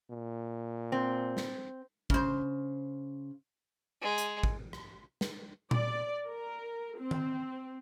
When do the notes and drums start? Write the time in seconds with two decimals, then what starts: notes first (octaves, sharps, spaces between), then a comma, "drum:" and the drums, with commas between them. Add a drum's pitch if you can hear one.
0.11 A#2
0.92 C4
1.37 drum: snare
2.10 C#3 C5, drum: kick
4.02 G#3
4.18 drum: hi-hat
4.43 drum: kick
4.73 drum: rim click
5.21 drum: snare
5.71 D5, drum: tom A#2
6.28 A#4
6.99 C4
7.11 drum: tom D#3